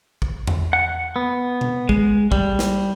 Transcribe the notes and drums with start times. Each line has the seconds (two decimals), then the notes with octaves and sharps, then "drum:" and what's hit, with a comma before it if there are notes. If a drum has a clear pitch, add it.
0.22 drum: kick
0.47 drum: tom E2
0.73 F#5
1.16 B3
1.61 drum: tom B2
1.89 G#3, drum: kick
2.32 G3, drum: kick
2.59 drum: snare